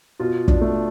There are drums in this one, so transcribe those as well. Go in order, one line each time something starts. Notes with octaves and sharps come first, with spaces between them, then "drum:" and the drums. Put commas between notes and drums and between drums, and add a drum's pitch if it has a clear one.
B2 F4
D4, drum: kick
A3